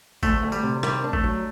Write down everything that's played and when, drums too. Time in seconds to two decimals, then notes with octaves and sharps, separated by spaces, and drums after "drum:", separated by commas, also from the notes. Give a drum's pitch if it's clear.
0.23 D2 A3, drum: kick A1, tambourine
0.43 D2
0.52 G3, drum: tambourine
0.63 C3
0.83 D#3 G3, drum: rim click
1.04 D4
1.13 A3, drum: kick A1
1.24 F#3